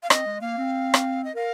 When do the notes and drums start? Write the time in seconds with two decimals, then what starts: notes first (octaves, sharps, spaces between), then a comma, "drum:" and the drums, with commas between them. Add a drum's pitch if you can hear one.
0.03 F5
0.10 C4 D#5, drum: rim click
0.26 G#3
0.41 A#3 F5
0.57 C4
0.94 drum: rim click
1.24 D#5
1.35 A#4 F5